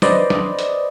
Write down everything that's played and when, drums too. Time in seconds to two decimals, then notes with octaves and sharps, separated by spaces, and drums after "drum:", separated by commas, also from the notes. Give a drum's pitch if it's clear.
0.02 B4 C5 D5 D#5, drum: snare
0.30 drum: snare
0.59 drum: hi-hat